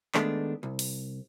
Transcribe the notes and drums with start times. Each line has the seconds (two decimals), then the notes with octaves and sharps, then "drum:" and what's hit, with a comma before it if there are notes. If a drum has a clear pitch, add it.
0.14 D#3 G#3 A3 B3 D4, drum: clap
0.63 C2
0.79 drum: open hi-hat